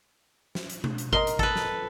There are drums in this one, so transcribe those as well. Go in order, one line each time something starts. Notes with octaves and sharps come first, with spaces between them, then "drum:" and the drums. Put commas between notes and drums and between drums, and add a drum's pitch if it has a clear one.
drum: snare
drum: hi-hat
drum: tom B2
drum: hi-hat
A#4 D#5 A#5 C6, drum: kick
drum: hi-hat
A4 B4, drum: kick
drum: snare